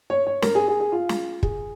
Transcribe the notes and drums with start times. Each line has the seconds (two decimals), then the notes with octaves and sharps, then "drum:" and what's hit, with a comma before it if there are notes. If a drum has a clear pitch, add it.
0.10 C#5
0.27 C#5
0.42 A#4, drum: snare
0.55 G#4
0.68 G#4
0.80 G#4
0.92 F4
1.09 drum: snare
1.43 G#4, drum: kick